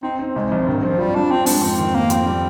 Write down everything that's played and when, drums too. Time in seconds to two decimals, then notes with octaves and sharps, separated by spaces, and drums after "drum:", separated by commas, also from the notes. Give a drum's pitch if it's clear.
0.03 C4 D#4
0.19 C4
0.36 C2 G#3
0.51 C2 F3
0.66 G2 D#3
0.83 F3 C4
0.98 G3 F4
1.15 D4 F4
1.30 F3 C4
1.46 G#2 D4, drum: open hi-hat
1.62 F2 C4
1.78 D#3
1.94 F2 A#3
2.10 F2 C4, drum: hi-hat
2.26 G3